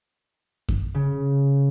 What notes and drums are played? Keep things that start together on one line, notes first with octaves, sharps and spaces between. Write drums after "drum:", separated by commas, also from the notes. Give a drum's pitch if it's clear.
drum: kick F#2
C#3